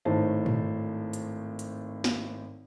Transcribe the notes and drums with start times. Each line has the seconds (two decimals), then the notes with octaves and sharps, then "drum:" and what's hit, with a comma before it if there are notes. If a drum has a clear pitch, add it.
0.05 G#1 A2 D#3 C5 A5
0.46 drum: tom
1.13 drum: hi-hat
1.59 drum: hi-hat
2.04 drum: snare